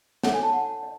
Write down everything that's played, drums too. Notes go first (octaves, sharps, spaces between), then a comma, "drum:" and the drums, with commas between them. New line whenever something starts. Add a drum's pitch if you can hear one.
D#4 A4 C#5 F#5, drum: snare
G#5
A5
F#5
D#5